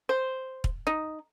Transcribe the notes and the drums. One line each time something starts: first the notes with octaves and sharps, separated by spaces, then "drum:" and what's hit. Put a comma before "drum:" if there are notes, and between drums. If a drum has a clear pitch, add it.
C5
drum: kick
D#4